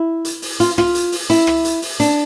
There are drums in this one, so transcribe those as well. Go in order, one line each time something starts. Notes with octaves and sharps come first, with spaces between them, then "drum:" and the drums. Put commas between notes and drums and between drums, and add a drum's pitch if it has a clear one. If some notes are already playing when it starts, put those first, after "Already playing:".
Already playing: E4
drum: hi-hat
drum: open hi-hat
F4, drum: hi-hat
F4, drum: rim click
drum: hi-hat
drum: open hi-hat
E4, drum: hi-hat
drum: rim click
drum: hi-hat
drum: open hi-hat
D4, drum: hi-hat